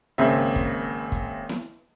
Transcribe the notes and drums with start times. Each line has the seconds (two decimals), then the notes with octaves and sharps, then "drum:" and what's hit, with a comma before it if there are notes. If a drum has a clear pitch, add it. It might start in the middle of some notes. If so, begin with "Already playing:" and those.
0.18 G#1 C#3 A#3 C4 E5
0.56 drum: kick
1.12 drum: kick
1.49 drum: snare E4